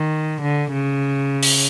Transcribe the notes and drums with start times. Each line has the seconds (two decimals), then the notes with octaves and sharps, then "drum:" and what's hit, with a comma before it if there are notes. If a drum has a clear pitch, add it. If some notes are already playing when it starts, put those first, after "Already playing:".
Already playing: D#3
0.42 D3
0.72 C#3
1.43 drum: open hi-hat